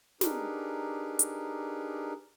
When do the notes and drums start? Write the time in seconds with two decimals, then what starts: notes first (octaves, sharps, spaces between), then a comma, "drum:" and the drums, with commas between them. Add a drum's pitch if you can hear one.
0.21 D4 D#4 G4 G#4 A#4 B4, drum: snare
1.19 drum: hi-hat